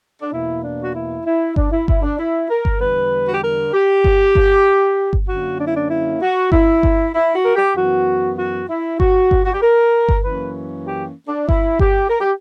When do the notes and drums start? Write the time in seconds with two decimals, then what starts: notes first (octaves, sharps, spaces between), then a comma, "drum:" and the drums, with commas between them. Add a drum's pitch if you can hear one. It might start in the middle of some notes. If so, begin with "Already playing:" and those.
0.22 D4
0.33 E2 B2 A#3 E4
0.63 D4
0.83 F#4
0.94 E4
1.26 E4
1.56 D4, drum: kick G1
1.72 E4
1.88 E4, drum: kick G1
2.02 D4
2.18 E4
2.49 A#4
2.65 drum: kick G1
2.81 E2 D3 G3 B4
3.27 F#4
3.34 G4
3.43 A#4
3.73 G4
4.04 drum: kick G1
4.35 drum: kick G1
5.13 drum: kick G1
5.28 F#2 D3 A#3 C#4 F#4
5.59 D4
5.67 E4
5.75 D4
5.90 E4
6.21 F#4
6.52 E4, drum: kick G1
6.83 drum: kick G1
7.15 E4
7.35 F#4
7.45 A#4
7.55 G4
7.76 F#2 E3 B3 F#4
8.38 F#4
8.69 E4
9.00 F#4, drum: kick G1
9.31 drum: kick G1
9.44 F#4
9.53 G4
9.62 A#4
10.09 drum: kick G1
10.23 F#2 E3 A#3 C#4 B4
10.86 G4
11.28 D4
11.49 E4, drum: kick G1
11.79 G4, drum: kick G1
12.09 A#4
12.21 G4